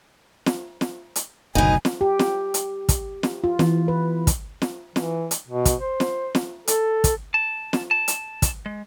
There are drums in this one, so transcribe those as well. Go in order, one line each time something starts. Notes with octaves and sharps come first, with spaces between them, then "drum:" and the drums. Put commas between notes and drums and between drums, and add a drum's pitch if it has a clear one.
drum: snare
drum: snare
drum: hi-hat
F#1 D2 B2 D#4 G#5
drum: snare
G4
drum: snare
drum: hi-hat
drum: kick, hi-hat
drum: snare
F4
E3, drum: snare
B4
drum: kick, hi-hat
drum: snare
E3, drum: snare
drum: hi-hat
B2
drum: kick, hi-hat
C5
drum: snare
drum: snare
A4, drum: hi-hat
drum: kick, hi-hat
A5
drum: snare
A5
drum: hi-hat
drum: kick, hi-hat
G#3